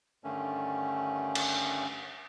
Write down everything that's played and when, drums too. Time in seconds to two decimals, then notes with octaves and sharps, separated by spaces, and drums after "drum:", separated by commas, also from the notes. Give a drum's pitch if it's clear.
0.24 G2 D3 D#3 A3 C#4
1.35 drum: cymbal